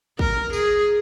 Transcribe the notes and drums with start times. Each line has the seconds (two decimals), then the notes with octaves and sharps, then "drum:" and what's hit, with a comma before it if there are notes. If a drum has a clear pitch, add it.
0.19 A#4, drum: kick
0.53 G#4, drum: tambourine